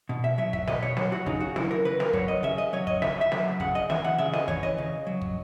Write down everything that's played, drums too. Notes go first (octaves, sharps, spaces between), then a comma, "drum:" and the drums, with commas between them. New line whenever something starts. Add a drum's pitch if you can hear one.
B2
E5
F#3 E5
E5, drum: kick
B2 D#5, drum: snare
C#5
F#3, drum: snare
F#4
C#3 D#4, drum: kick
F#4
F#3 E4, drum: snare
A#4
C#3 B4
A#4, drum: snare
F#3 C#5, drum: kick
D#5
C#3 E5
D#5
F#3 C#5
D#5, drum: kick
C#3 E5, drum: snare
E5
F#3, drum: snare
C#3 F#5, drum: kick
D#5
E3 E5, drum: snare
F#5
C#3 E5
D#5, drum: snare
E3 C#5, drum: kick
D#5
C#3
F#3
drum: kick